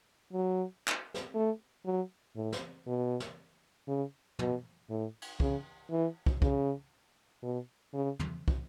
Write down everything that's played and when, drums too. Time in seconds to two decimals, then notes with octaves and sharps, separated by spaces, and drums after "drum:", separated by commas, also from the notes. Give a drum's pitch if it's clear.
0.33 F#3
0.88 drum: clap
1.14 drum: snare
1.34 A3
1.85 F#3
2.36 A2
2.52 drum: snare
2.87 B2
3.20 drum: snare
3.88 C#3
4.39 B2, drum: tom
4.90 A2
5.22 drum: cymbal
5.40 C#3, drum: kick
5.91 E3
6.26 drum: kick
6.42 C#3, drum: kick
7.43 B2
7.94 C#3
8.19 drum: tom
8.48 drum: kick